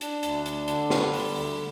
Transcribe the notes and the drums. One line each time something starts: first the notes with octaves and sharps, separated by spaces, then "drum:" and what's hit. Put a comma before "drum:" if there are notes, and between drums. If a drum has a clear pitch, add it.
D4, drum: hi-hat
D2, drum: hi-hat
D4, drum: hi-hat
D3, drum: hi-hat
G3, drum: snare
D3, drum: open hi-hat
D2, drum: open hi-hat